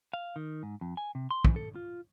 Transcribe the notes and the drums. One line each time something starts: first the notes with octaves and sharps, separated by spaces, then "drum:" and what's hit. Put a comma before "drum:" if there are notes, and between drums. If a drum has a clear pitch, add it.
F5
D#3
G#2
F2
G#5
C3
C6
E3, drum: kick
A4
F4